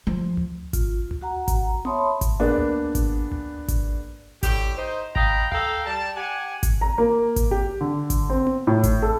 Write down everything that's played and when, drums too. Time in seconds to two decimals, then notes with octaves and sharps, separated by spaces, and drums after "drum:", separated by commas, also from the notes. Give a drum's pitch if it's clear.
0.07 F3
0.37 drum: tom C#2
0.73 F4, drum: kick G#1, hi-hat
1.11 drum: tom C#2
1.21 F#4 F#5 A#5
1.48 drum: kick G#1, hi-hat
1.85 C#5 E5 A5 B5 C6 D#6, drum: tom B3
2.21 drum: kick G#1, hi-hat
2.39 A#3 B3 D4 G#4
2.58 drum: tom C#2
2.95 drum: kick G#1, hi-hat
3.32 drum: tom C#2
3.68 drum: kick G#1, hi-hat
4.43 A2 D3 G4, drum: kick G#1, hi-hat
4.78 D#4 C5
5.16 D#5 F5 G5 A#5 B5, drum: kick G#1
5.52 A4 F5 G5 A#5, drum: tom C#2
5.86 G3 A5
6.17 G4 F#5 G#5
6.63 drum: kick G#1, hi-hat
6.81 A#5
6.98 A#3
7.36 drum: kick G#1, hi-hat
7.51 G4
7.81 D3
8.10 drum: kick G#1, hi-hat
8.30 C4
8.47 drum: tom B3
8.67 A2
8.83 drum: kick G#1, hi-hat
9.02 A4